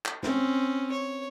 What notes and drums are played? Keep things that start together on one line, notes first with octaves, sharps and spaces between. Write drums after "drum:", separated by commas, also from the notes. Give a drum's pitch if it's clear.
drum: clap
C4 C#4, drum: snare
C#5